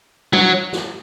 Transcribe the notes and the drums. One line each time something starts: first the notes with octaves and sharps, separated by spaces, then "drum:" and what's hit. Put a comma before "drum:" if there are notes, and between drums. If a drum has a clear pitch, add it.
F#3, drum: tom G3
drum: snare